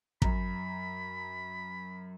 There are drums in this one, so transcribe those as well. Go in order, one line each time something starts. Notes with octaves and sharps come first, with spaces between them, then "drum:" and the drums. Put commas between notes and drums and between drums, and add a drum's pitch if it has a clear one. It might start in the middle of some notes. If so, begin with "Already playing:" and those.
F#2 A#5 B5, drum: kick